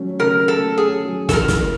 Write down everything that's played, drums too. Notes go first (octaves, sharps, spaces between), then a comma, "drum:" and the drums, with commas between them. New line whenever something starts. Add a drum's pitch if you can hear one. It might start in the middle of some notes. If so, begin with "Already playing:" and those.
Already playing: F#3 A3 C#4
C#3 A#4
A3 A4
C#4 G#4
F#3
A4, drum: snare
A2 A#4
drum: snare